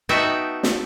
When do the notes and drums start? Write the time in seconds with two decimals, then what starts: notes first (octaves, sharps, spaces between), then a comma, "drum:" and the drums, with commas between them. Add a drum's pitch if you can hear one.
0.09 B3 D#4 F#4 E5 G5 A5
0.63 drum: snare